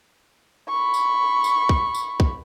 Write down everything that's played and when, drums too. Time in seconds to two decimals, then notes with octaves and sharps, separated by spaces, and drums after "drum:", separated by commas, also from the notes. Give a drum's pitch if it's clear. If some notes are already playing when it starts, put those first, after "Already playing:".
0.68 B5 C#6
0.94 drum: tambourine
1.44 drum: tambourine
1.69 drum: kick
1.95 drum: tambourine
2.20 drum: kick